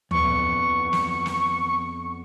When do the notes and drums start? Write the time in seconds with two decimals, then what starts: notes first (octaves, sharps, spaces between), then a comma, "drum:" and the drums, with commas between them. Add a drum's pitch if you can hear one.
0.11 F2 B3 C#6, drum: tom D2
0.93 drum: snare
1.26 drum: snare